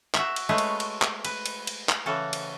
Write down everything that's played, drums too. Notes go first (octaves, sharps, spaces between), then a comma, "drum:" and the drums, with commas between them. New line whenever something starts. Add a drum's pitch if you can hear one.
F#4 E5, drum: clap
drum: cymbal
G#3 A3 A4 B4 C#5
drum: cymbal
drum: cymbal
drum: clap
B4, drum: cymbal
drum: cymbal
drum: cymbal
drum: clap
C#3 E3 F#4 A4
drum: cymbal